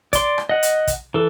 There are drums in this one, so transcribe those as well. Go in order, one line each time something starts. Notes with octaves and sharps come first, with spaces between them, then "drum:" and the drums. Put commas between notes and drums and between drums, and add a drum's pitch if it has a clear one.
D5 C6, drum: kick, hi-hat
drum: rim click
D#5 F#5
drum: hi-hat
drum: kick, hi-hat
E3 A4